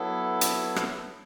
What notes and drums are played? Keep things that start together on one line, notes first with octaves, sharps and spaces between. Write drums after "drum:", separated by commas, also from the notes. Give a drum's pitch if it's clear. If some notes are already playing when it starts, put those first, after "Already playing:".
Already playing: F#3 B3 E4 A4
drum: hi-hat
drum: rim click